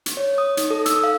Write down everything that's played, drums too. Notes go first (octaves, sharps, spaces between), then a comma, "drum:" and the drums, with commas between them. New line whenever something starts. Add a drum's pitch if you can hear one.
drum: hi-hat
C#5
D#6
D#4, drum: hi-hat
A4
E6, drum: hi-hat
F5